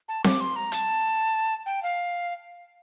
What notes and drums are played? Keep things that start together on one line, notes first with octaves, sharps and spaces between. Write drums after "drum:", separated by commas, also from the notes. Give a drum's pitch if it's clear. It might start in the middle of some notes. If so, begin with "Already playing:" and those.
A5
D6, drum: snare C4
C6
A#5
A5, drum: hi-hat
G5
F5